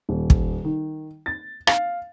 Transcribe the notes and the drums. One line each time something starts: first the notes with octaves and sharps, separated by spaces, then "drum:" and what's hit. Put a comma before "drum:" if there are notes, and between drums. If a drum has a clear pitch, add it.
D#1
drum: kick
D#3
A6
F5, drum: rim click